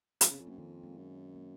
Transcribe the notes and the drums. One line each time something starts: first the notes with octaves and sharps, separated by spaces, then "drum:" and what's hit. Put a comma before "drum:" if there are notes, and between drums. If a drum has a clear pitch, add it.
F3 C#4, drum: hi-hat
C#3 C4
F2
F#2 A#3
F2 D#3
G#3
F#2
A#3